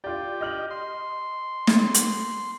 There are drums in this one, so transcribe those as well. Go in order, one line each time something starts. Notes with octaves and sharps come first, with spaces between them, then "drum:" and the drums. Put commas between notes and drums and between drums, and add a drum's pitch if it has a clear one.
F4 G4 D5
D#5 F6 F#7
C6
drum: snare
drum: hi-hat